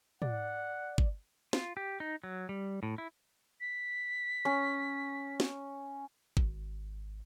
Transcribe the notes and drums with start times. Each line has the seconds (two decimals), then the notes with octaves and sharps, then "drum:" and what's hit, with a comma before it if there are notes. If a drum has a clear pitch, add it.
0.22 D5 F#5, drum: tom
0.98 drum: kick
1.53 F4, drum: snare
1.77 G4
2.00 D#4
2.24 F#3
2.49 G3
2.83 A2
2.98 E4
3.61 B6
4.45 C#4
5.40 drum: snare
6.37 G#1, drum: kick